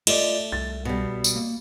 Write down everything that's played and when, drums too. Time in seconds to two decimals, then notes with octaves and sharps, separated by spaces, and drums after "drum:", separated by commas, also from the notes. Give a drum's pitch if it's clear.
0.07 A3 F4 D5 D#5, drum: cymbal
0.52 C2 A6
0.85 B2 G3
1.24 drum: tambourine
1.36 A#3